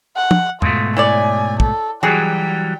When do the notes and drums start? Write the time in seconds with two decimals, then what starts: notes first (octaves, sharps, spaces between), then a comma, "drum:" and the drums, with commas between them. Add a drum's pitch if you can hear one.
0.16 F#5
0.31 drum: tom
0.62 G#2 B2 A3 F4, drum: tom
0.97 E4 C#5 D5 G#5
1.60 A4, drum: kick
2.03 E3 F#3 G3 F#4 G#4 G5